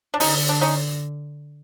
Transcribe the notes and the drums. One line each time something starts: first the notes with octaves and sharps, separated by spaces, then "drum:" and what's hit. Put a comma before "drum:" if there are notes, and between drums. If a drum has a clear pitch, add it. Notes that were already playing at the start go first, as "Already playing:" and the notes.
D4
D3 C#4 D#4, drum: open hi-hat
D4
C#4 D#4